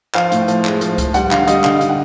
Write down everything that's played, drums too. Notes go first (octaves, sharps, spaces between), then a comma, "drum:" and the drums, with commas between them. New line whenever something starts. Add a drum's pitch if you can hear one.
F3 F5, drum: clap
A2, drum: hi-hat
F3, drum: hi-hat
G#3, drum: clap
F3, drum: hi-hat
F3, drum: kick C#2, hi-hat
G3 F#5, drum: hi-hat
D3 F5, drum: clap
G3 D#5, drum: hi-hat
D3 F5, drum: clap
D3, drum: hi-hat
F#5